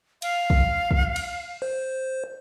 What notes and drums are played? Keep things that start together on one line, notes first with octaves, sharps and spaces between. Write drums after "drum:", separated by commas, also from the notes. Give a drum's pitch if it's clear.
F5, drum: cymbal
drum: kick
drum: kick
drum: cymbal
C5